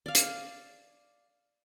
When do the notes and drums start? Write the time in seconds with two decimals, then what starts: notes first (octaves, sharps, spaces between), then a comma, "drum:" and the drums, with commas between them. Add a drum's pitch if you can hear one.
0.06 D5 F5
0.15 drum: hi-hat